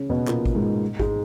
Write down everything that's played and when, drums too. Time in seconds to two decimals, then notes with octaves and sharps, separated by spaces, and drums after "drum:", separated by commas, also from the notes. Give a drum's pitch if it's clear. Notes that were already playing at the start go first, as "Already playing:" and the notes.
Already playing: C#3 C#4
0.10 B2 B3
0.27 A#2 A#3, drum: clap
0.46 drum: kick G#1
0.55 G#2 G#3
1.00 G#2 G#3, drum: kick G#1